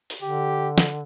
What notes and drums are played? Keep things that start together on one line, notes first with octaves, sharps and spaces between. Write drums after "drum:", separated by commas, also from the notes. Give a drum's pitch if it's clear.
drum: open hi-hat
D3 G4
drum: snare